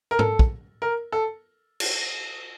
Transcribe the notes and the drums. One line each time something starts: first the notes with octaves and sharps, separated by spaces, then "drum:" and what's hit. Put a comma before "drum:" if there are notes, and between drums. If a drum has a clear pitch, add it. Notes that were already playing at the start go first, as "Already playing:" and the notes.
A#4
A4, drum: tom G#2
drum: kick
A#4
A4
drum: cymbal